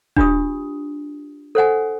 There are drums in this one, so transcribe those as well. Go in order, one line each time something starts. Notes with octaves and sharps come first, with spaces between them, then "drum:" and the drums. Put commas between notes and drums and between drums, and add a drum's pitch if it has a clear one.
D4 F4 G4 D#6, drum: kick D#1
A4 C5 F#5 G#5